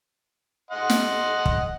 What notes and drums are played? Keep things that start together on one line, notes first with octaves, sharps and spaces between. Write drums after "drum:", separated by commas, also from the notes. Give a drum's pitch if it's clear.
D#5 F#5 C6
drum: snare
drum: kick